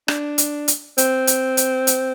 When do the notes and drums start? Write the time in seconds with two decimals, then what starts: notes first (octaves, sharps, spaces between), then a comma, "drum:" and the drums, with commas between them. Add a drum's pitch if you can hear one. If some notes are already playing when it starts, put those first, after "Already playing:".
0.08 D4, drum: rim click
0.38 drum: hi-hat
0.68 drum: hi-hat
0.98 C4, drum: hi-hat
1.27 drum: hi-hat
1.57 drum: hi-hat
1.87 drum: hi-hat